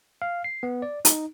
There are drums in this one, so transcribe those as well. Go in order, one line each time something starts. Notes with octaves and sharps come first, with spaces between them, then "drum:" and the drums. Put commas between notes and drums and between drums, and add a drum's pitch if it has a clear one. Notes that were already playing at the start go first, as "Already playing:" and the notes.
F5
C7
B3
D5
D#4, drum: hi-hat